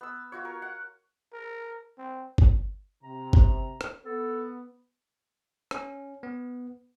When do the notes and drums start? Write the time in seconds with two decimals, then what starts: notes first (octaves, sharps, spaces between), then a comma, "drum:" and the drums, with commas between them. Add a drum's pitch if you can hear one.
0.01 B3 E6
0.32 F4 F#4 C#5
0.45 A#4
0.62 F#5
1.33 A#4
1.98 C4
2.38 drum: kick G1
3.03 C3 A#5
3.33 drum: kick G1
3.81 drum: rim click
4.06 B3 A4
5.71 C#4, drum: rim click
6.23 B3